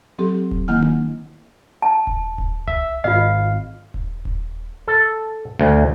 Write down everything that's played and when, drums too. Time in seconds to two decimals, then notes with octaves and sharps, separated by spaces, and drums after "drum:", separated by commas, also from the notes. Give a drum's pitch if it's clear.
0.19 F#3 C4 G4 A4
0.51 drum: kick D#1
0.68 D#3 A#3 E4 F#5 G#5 F6
0.83 drum: tom D4
1.82 A5
2.07 drum: kick D#1
2.38 drum: kick D#1
2.68 E5, drum: tom C2
3.04 G#1 F4 D#5 F5
3.94 drum: kick D#1
4.25 drum: kick D#1
4.88 A4
5.59 D2